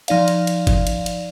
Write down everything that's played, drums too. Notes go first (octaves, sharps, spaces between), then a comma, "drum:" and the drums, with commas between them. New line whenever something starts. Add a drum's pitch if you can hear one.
F3 D#4 D5 F5, drum: cymbal
drum: cymbal
drum: cymbal
drum: kick F#1, cymbal
drum: cymbal
drum: cymbal